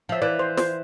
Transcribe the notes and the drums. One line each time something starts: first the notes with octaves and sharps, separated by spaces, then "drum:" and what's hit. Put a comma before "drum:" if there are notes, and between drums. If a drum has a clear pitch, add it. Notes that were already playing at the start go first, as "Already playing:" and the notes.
F3 E5
E3 D5
C5
C5, drum: snare